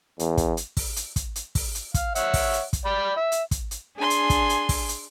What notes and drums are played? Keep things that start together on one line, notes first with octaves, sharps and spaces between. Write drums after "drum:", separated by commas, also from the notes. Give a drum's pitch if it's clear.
E2, drum: hi-hat
drum: kick, hi-hat
drum: hi-hat
drum: kick, open hi-hat
drum: hi-hat
drum: kick, hi-hat
drum: hi-hat
drum: kick, open hi-hat
drum: hi-hat
F5, drum: kick, hi-hat
C#5 E5 F#5, drum: hi-hat
drum: kick, open hi-hat
drum: hi-hat
drum: kick, hi-hat
D5 G5 B5
E5
drum: hi-hat
drum: kick, hi-hat
drum: hi-hat
D4 G#4 G#5 C6
drum: hi-hat
drum: kick, hi-hat
drum: hi-hat
drum: kick, open hi-hat
drum: hi-hat